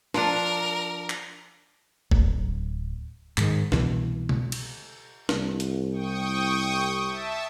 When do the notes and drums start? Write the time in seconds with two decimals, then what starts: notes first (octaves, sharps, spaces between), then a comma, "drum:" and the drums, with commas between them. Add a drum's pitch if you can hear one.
0.14 F3 D4 A#4, drum: snare
1.10 drum: clap
2.11 D1, drum: kick
3.38 G#2 D#3, drum: clap
3.72 C2 B2 E3, drum: snare
4.29 drum: tom B2
4.52 drum: cymbal
5.29 C2, drum: snare
5.60 drum: hi-hat
5.91 G5 C#6 D#6
7.07 E5 A5